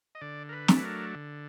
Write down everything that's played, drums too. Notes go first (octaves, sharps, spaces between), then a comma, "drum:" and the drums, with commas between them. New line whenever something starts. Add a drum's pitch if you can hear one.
D#5
D3 D5
A#4
B4
F#3 A3 D4, drum: snare
B4
A#4
D3